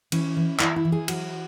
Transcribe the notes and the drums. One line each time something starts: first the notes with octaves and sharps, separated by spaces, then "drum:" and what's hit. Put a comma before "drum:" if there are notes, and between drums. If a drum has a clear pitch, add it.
E3 C#4, drum: cymbal
E3
E3 E4, drum: clap
E4
E3
G#4
F#3 F#4, drum: cymbal